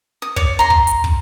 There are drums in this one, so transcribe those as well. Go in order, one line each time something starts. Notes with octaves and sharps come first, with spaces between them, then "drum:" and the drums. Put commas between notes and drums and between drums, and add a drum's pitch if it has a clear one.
D#6
C#5 D5, drum: kick
A#5 C6
drum: kick
drum: hi-hat
drum: kick